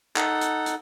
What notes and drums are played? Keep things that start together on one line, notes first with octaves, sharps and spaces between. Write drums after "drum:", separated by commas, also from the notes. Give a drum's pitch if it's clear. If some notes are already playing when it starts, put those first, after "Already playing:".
D#4 A4 F#5, drum: clap
drum: hi-hat
drum: hi-hat